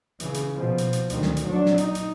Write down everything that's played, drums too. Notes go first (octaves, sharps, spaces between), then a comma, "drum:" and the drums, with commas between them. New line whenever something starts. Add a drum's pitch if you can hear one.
C#3 E3, drum: hi-hat
drum: hi-hat
B2 F3
drum: hi-hat
drum: hi-hat
D2 D#3, drum: hi-hat
drum: snare
drum: hi-hat
F#3 D4
drum: snare
D#4, drum: hi-hat
drum: hi-hat